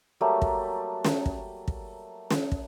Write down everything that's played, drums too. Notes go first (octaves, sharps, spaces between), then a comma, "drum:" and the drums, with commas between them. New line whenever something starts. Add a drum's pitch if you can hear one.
F#3 G3 A3 A#3
drum: kick
drum: snare
drum: kick
drum: kick
drum: snare
drum: kick